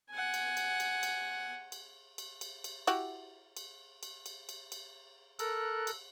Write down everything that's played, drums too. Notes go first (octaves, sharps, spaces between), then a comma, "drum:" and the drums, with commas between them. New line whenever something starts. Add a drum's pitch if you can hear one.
F#5 G#5
drum: cymbal
drum: cymbal
drum: cymbal
drum: cymbal
drum: cymbal
drum: cymbal
drum: cymbal
drum: cymbal
E4 F#4 G4, drum: cymbal
drum: cymbal
drum: cymbal
drum: cymbal
drum: cymbal
drum: cymbal
A4 A#4 F#6, drum: cymbal
drum: cymbal